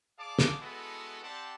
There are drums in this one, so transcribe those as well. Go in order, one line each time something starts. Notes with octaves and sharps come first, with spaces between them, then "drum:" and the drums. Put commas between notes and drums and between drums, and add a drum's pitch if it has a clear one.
G#4 D5 F5 A5 D6
drum: snare
G#3 B3 E4 F#4 A4
C4 G4 D5 F#5 A5 C6